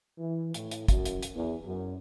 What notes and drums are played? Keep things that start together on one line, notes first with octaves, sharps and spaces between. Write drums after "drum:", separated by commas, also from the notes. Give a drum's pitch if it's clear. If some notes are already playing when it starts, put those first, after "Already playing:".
E3
A2, drum: hi-hat
drum: hi-hat
F#2, drum: kick, hi-hat
drum: hi-hat
drum: hi-hat
E2
F#2